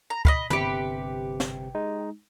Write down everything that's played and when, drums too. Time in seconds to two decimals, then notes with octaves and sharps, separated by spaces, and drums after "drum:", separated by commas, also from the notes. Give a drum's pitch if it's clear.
0.10 A#5
0.25 D#5 F5 B5, drum: kick
0.50 G1 C3 G4 B4 C#7, drum: tom
1.40 drum: snare
1.75 G#3 D#4